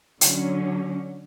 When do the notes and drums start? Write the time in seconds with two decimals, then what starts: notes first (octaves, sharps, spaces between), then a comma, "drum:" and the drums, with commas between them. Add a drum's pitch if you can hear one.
0.21 D3 F#3 C#4, drum: hi-hat